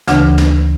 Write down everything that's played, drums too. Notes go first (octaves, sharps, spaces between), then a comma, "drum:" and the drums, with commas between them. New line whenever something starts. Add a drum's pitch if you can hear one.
D2 C#3 E3 D4, drum: snare
drum: snare